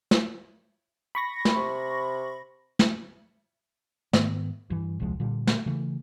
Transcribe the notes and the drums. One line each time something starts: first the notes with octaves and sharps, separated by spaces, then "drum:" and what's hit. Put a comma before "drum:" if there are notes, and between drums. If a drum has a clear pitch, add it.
drum: snare
B5 C#6 A#6
drum: snare
C3
drum: snare
G#2 D#3 B3, drum: snare
G2 E3
D#1 C2 F3 G#3
A#2 D3 G3
drum: snare
C#3 E3 A3